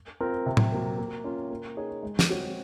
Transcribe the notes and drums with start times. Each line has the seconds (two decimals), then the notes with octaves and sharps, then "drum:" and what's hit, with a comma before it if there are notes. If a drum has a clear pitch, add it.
0.20 C4 F4 A#4
0.46 C3
0.57 drum: tom
0.72 F#3 A#3
0.98 A#3
1.24 C#4 F4
1.50 A#3
1.77 D#4 G#4 C#5
2.03 G#3
2.19 drum: snare
2.29 C4 F#4 C#5